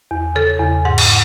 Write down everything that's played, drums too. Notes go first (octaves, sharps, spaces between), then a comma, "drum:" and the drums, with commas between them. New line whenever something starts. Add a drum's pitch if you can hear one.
E2
C#3 A4
E2
G#2 F#5
drum: cymbal